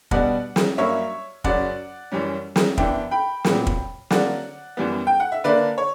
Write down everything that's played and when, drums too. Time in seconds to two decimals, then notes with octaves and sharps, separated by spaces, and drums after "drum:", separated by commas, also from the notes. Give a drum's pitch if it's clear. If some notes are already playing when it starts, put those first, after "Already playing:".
0.11 B2 G3 B3 D4 D5 F#5, drum: kick
0.56 drum: snare
0.78 G2 F#3 A#3 C#4 C#5 E5
1.44 F#2 C#3 F#3 C#4 D5 F#5, drum: kick
2.12 F#2 E3 G3 C#4
2.56 drum: snare
2.78 F#2 E3 B3 D4 E5 G5, drum: kick
3.11 G5 B5
3.44 A#2 F#3 B3, drum: snare
3.67 drum: kick
4.10 D3 F#3 A#3 D5 F#5, drum: snare
4.77 F#2 E3 G3 B3
5.07 G5
5.20 F#5
5.32 E5
5.44 D3 A#3 D4 B4 D5
5.78 C#5